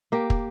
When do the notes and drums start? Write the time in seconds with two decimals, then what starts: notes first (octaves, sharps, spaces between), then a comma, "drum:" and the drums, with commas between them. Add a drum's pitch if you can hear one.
0.12 A#3 G4
0.30 drum: kick